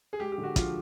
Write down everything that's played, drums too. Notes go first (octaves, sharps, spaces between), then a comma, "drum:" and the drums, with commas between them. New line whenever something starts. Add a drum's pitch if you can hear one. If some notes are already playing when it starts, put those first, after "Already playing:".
G#4
G#3 G4
G4
D3
F#4
F3 F4, drum: kick, hi-hat